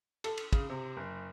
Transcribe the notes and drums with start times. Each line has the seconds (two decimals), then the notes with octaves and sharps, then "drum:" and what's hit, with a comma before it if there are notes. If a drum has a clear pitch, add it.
0.24 A4, drum: cymbal
0.38 drum: cymbal
0.53 C#3, drum: kick, cymbal
0.70 C3
0.97 F#1